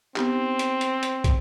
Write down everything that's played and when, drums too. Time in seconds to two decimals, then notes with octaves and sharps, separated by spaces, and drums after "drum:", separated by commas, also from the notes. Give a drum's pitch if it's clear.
0.16 B3 C4 D#4 G4, drum: clap
0.59 drum: hi-hat
0.81 drum: hi-hat
1.03 drum: hi-hat
1.24 drum: kick, hi-hat